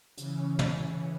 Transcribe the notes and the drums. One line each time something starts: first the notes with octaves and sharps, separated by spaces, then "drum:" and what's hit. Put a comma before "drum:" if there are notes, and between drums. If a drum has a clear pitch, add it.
C#3 E3 C#4, drum: hi-hat
drum: tom